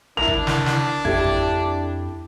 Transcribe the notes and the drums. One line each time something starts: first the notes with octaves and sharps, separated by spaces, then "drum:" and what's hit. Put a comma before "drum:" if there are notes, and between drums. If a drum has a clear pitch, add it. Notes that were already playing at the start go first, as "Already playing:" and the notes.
D4 E4 A#4 F7
drum: kick
drum: snare
drum: snare
F2 E4 G4 A4 A5 G#6, drum: kick
drum: kick